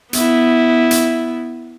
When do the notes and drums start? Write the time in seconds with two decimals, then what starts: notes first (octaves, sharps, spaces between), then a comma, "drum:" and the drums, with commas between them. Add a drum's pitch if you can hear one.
0.13 B3 E4, drum: hi-hat
0.91 drum: hi-hat